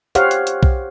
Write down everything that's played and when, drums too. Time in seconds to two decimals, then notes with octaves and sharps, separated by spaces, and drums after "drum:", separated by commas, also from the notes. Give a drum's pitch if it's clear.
0.15 G4 C5 C#5 F5 F#5, drum: hi-hat
0.31 drum: hi-hat
0.47 drum: hi-hat
0.63 drum: kick B1